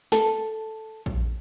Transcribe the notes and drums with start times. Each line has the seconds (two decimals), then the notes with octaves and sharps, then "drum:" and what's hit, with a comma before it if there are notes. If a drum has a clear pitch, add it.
0.12 A4, drum: snare
1.06 drum: kick A#1